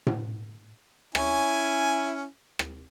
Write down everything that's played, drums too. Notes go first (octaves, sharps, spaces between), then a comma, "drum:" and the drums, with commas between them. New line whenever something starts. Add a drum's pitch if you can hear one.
drum: tom A2
C#4 E4 G#5, drum: rim click
drum: rim click